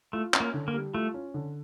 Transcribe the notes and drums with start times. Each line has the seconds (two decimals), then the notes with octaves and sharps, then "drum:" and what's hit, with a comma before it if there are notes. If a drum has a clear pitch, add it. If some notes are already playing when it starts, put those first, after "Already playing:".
0.13 A3 F4
0.34 C#4, drum: clap
0.40 A#3
0.54 D3
0.68 A#3
0.74 G3
0.94 A3 F4
1.14 C#4
1.34 D3